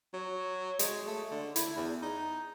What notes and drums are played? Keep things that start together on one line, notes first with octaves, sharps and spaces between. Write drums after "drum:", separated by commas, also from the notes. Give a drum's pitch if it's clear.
F#3
G#3, drum: hi-hat
A3
D3
E4, drum: hi-hat
E2
D#4